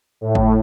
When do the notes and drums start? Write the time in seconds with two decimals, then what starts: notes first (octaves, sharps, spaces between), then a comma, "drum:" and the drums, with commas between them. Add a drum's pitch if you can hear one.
0.21 A2
0.35 drum: kick G1